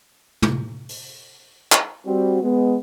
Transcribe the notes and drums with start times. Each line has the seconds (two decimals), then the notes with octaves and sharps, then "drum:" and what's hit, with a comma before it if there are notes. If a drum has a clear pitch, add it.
0.42 drum: tom
0.89 drum: open hi-hat
1.72 drum: clap
2.06 G3 C4 F#4
2.43 G#3 B3